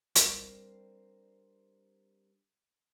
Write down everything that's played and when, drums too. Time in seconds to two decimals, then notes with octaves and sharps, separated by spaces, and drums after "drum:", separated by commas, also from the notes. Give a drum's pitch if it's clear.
0.15 G3 C4 D4 A#4 C5, drum: hi-hat